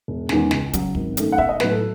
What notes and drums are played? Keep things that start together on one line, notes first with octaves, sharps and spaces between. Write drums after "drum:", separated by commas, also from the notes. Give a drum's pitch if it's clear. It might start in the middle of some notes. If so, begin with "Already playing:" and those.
E1
E2 D#3 G#3 C#4, drum: snare
C#2, drum: snare
C#3 F#3, drum: kick, hi-hat
G#1, drum: kick
F#2 D#3 A3, drum: hi-hat
F#5
B1 E5, drum: kick
D#5
A2 F#3 B3 B4, drum: snare
A4